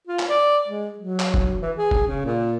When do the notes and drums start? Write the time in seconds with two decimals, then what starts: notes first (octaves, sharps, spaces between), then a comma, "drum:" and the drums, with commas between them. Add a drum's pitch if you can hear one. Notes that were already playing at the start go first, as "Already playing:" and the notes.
0.07 F4
0.19 drum: clap
0.29 D5
0.68 G#3
0.98 F#3
1.20 drum: clap
1.34 drum: kick F1
1.62 E3
1.77 G#4
1.91 drum: kick F1
2.07 C#3
2.25 A#2